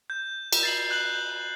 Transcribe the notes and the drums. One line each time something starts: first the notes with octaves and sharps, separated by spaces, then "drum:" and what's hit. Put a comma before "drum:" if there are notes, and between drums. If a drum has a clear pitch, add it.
G6
drum: cymbal
A6 C7 F#7
F#6 G6 F#7